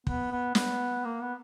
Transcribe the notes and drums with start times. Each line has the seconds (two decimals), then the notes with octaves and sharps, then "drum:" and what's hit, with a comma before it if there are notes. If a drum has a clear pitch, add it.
0.07 B3, drum: kick
0.31 B3
0.55 B3, drum: snare
1.04 A#3
1.22 B3